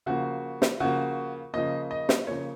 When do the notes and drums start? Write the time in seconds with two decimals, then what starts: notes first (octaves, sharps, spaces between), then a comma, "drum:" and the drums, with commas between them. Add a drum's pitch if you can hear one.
0.06 C#3 F3 A#3 F#4
0.62 drum: snare
0.80 C#3 F3 A#3 F#4
1.54 C#3 F3 A#3 D#5
1.91 D#5
2.09 drum: snare
2.27 C#3 F3 A#3 C#5